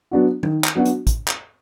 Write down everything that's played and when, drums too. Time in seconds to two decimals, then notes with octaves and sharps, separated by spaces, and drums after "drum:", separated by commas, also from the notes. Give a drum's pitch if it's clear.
0.11 F#3 B3 D4 F#4
0.43 D#3, drum: tom
0.64 drum: clap
0.75 F#3 B3 D4 F#4
0.86 drum: hi-hat
1.07 drum: kick, hi-hat
1.28 drum: clap